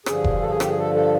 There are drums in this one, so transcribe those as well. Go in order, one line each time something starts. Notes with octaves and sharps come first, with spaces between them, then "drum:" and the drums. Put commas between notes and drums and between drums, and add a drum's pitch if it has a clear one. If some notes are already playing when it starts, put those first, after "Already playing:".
G2 D3 F3 G#4, drum: rim click
drum: kick F1
A4
G#4
G4, drum: rim click
G#4
A4
A4